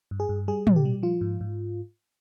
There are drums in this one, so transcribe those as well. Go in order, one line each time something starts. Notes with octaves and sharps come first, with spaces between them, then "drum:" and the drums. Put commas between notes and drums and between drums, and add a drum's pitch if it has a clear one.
G2
G#4
G2
G3 G#4
A#2, drum: tom
G4
G3
F3 F4
G#2
G#2